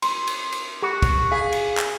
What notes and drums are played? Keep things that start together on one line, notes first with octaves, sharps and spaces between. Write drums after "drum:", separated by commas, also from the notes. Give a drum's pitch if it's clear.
C6, drum: cymbal
drum: cymbal
drum: cymbal
F#4 G4
drum: kick, cymbal
G#4 F5
drum: cymbal
drum: clap